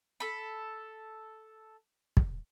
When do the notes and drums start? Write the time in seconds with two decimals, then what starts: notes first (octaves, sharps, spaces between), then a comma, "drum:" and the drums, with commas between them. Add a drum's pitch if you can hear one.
0.20 A4 B5
2.17 drum: kick